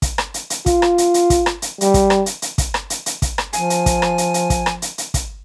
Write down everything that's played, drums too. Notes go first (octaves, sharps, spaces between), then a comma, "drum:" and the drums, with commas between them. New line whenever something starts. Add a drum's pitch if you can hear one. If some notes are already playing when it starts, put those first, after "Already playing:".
drum: kick, hi-hat
drum: rim click
drum: hi-hat
drum: hi-hat
F4, drum: kick, hi-hat
drum: rim click
drum: hi-hat
drum: hi-hat
drum: kick, hi-hat
drum: rim click
drum: hi-hat
G3, drum: hi-hat
drum: kick, hi-hat
drum: rim click
drum: hi-hat
drum: hi-hat
drum: kick, hi-hat
drum: rim click
drum: hi-hat
drum: hi-hat
drum: kick, hi-hat
drum: rim click
F3 G#5, drum: hi-hat
drum: hi-hat
drum: kick, hi-hat
drum: rim click
drum: hi-hat
drum: hi-hat
drum: kick, hi-hat
drum: rim click
drum: hi-hat
drum: hi-hat
drum: kick, hi-hat